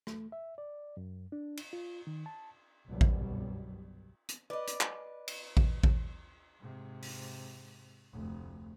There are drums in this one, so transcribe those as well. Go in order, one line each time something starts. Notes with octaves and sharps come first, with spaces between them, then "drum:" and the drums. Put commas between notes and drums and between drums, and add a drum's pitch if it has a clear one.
A3, drum: rim click
E5
D5
F#2
D4
drum: cymbal
F4
D#3
A5
G1 C2 F#2 B2 F#3 G3
drum: kick A1
drum: hi-hat
B4 D5 D#5
drum: hi-hat
drum: clap
drum: cymbal
drum: kick A1
drum: kick A1
G#2 C3
drum: open hi-hat
F1 D2